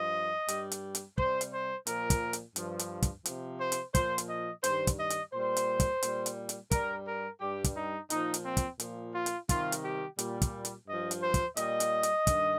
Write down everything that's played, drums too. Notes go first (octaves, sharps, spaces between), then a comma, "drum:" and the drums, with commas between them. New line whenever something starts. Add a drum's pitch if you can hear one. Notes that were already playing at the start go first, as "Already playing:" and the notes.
Already playing: G2 F3 D#5
G2 G3, drum: hi-hat
drum: hi-hat
drum: hi-hat
C3 G3 C5, drum: kick
drum: hi-hat
C5
A#2 F3 A#4, drum: hi-hat
drum: kick, hi-hat
drum: hi-hat
G2 F3, drum: hi-hat
drum: hi-hat
drum: kick, hi-hat
C3 F3, drum: hi-hat
C5
drum: hi-hat
A#2 F3 C5, drum: kick, hi-hat
drum: hi-hat
D#5
G2 D#3 G3 C5, drum: hi-hat
drum: kick, hi-hat
D#5
drum: hi-hat
A#2 G3 C5
drum: hi-hat
drum: kick, hi-hat
A#2 G3, drum: hi-hat
drum: hi-hat
drum: hi-hat
G2 G3 A#4, drum: kick, hi-hat
A#4
G2 G3 G4
drum: kick, hi-hat
D#4
A#2 F3 D#4, drum: hi-hat
drum: hi-hat
C4
drum: kick, hi-hat
A#2 F3, drum: hi-hat
F4
drum: hi-hat
C3 D#3 G3 F4, drum: kick, hi-hat
drum: hi-hat
G4
A#2 G3, drum: hi-hat
drum: kick, hi-hat
drum: hi-hat
G2 F3 D#5
drum: hi-hat
C5
drum: kick, hi-hat
A#2 G3 D#5, drum: hi-hat
drum: hi-hat
drum: hi-hat
G2 D#3, drum: kick, hi-hat